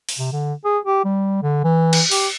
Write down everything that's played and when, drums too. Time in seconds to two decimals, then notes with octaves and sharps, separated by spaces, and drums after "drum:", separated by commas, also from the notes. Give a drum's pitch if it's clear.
0.09 drum: open hi-hat
0.19 C3
0.32 D3
0.65 G#4
0.85 G4
1.05 G3
1.43 D3
1.64 E3
1.93 drum: cymbal
2.11 G4, drum: open hi-hat